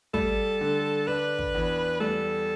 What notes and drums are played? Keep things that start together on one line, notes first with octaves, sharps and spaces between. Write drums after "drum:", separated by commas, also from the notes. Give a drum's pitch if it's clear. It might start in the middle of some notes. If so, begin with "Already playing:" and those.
G3 A4, drum: kick
D3
D4 B4
drum: kick
E2
G3 A4